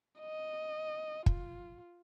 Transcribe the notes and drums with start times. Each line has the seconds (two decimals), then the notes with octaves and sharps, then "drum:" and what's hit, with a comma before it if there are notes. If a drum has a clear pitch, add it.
0.20 D#5
1.26 F4, drum: kick